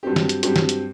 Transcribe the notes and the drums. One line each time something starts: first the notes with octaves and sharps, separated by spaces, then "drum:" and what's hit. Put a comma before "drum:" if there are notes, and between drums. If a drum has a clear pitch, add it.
G2 F#3 C4 G4
drum: snare
drum: hi-hat
G2 F#3 C4 G4, drum: hi-hat
drum: snare
drum: hi-hat